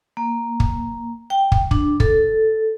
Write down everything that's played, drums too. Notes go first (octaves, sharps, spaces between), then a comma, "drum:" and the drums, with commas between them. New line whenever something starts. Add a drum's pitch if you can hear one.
A#3
drum: kick
G5
drum: kick
D4, drum: kick
A4, drum: kick